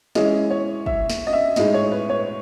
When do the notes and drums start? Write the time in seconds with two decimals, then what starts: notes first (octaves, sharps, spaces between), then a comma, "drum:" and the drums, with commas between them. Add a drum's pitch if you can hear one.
0.15 E3 G#3 C#4 E4 D#5, drum: snare
0.50 C#5
0.86 E5, drum: kick
1.10 drum: snare
1.27 D#5
1.33 E5
1.56 A2 G#3 D#4 D#5, drum: snare
1.74 C#5
1.92 B4
2.10 C#5